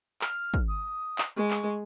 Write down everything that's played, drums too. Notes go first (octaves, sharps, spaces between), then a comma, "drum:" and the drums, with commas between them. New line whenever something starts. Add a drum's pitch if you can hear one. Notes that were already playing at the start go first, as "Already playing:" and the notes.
F6, drum: clap
drum: kick
D#6
drum: clap
G#3 C#6
drum: clap